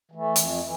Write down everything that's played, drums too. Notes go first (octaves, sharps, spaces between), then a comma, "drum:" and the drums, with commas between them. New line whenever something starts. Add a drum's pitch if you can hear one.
E3 A3
F2, drum: hi-hat
E3